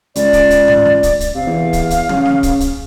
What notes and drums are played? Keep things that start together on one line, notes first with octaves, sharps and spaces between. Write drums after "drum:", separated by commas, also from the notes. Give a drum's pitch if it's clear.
C#2 D5, drum: hi-hat
drum: kick, hi-hat
drum: hi-hat
drum: tom G#2
drum: snare
drum: kick, hi-hat
drum: hi-hat
C3 F5
E2
drum: kick, hi-hat
drum: hi-hat
C#3, drum: tom
drum: snare
drum: kick, hi-hat
drum: hi-hat